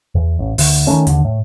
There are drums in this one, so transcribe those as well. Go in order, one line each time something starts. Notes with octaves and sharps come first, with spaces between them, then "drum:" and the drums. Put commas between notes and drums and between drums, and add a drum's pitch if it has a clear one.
E2
A1
D2, drum: open hi-hat
D#3 F3 A3 C#4
D#2 D3, drum: hi-hat
A2